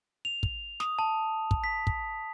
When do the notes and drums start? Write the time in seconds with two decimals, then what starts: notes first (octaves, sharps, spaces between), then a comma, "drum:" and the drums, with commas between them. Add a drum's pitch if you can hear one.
0.25 F7
0.43 drum: kick
0.80 D#6, drum: snare
0.99 A5
1.51 drum: kick
1.64 B6
1.87 drum: kick